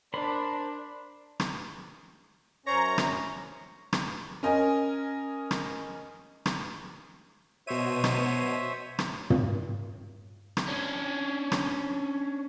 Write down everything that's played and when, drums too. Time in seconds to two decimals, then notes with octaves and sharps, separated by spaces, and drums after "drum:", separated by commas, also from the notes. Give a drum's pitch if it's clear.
0.14 D4 A#4 C5 B5
1.40 drum: rim click
2.66 F#2 C#4 C5 C#5 A#5
2.98 drum: rim click
3.93 drum: rim click
4.43 C#4 A#4 D#5 G#5
5.51 drum: rim click
6.46 drum: rim click
7.67 B2 C5 C#5 E5 D#7
8.04 drum: rim click
8.99 drum: rim click
9.30 drum: tom
10.57 drum: rim click
10.68 C#4 D4
11.52 drum: rim click